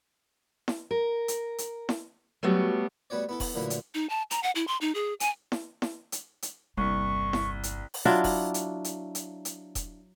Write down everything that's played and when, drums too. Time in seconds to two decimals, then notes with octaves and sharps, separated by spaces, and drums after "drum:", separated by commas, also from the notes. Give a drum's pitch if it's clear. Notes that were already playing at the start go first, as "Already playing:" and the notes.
0.68 drum: snare E4
0.91 A#4
1.28 drum: hi-hat
1.58 drum: hi-hat
1.89 drum: snare E4
2.43 F#3 G3 A3 B3 F#4
3.10 G3 A3 B3 F#4 C#5 D5
3.29 B3 E4 A4
3.40 drum: kick E1, open hi-hat
3.54 F#2 A#2 D3 E3 A3 E4
3.70 drum: hi-hat
3.94 D#4
4.10 A5
4.31 A#5, drum: hi-hat
4.43 F#5
4.55 E4
4.67 C6
4.81 D#4
4.95 G#4
5.20 G#5, drum: hi-hat
5.52 drum: snare E4
5.82 drum: snare E4
6.12 drum: hi-hat
6.42 drum: hi-hat
6.77 G1 C2 A#3 C#6
7.33 drum: snare E4
7.63 drum: hi-hat
7.94 drum: open hi-hat
8.05 F#3 D4 E4 F4
8.24 drum: kick E1, open hi-hat
8.54 drum: hi-hat
8.84 drum: hi-hat
9.15 drum: hi-hat
9.45 drum: hi-hat
9.75 drum: kick E1, hi-hat